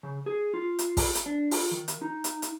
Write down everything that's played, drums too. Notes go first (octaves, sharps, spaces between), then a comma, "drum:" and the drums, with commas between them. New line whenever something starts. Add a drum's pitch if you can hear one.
C#3
G#4
F4
drum: hi-hat
drum: kick, open hi-hat
drum: hi-hat
D4
F4, drum: open hi-hat
D#3
drum: hi-hat
D#4
drum: hi-hat
drum: hi-hat